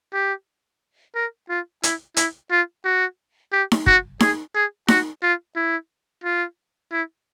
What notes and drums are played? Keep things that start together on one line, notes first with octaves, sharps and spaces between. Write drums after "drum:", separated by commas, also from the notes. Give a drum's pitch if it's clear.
G4
A#4
F4
E4, drum: hi-hat
E4, drum: hi-hat
F4
F#4
G4
drum: snare D#4
F#4, drum: kick
G#4, drum: snare D#4
G#4
F#4, drum: snare D#4
F4
E4
F4
E4